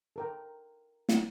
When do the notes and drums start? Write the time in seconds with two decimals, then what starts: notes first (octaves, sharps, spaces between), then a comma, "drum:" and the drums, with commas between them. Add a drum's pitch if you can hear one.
0.16 A4 A#4 G5
1.09 drum: snare